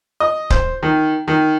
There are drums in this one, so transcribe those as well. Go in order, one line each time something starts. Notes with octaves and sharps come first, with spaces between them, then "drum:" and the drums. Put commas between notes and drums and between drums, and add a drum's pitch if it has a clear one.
D#5
C5, drum: kick C#1
D#3
D#3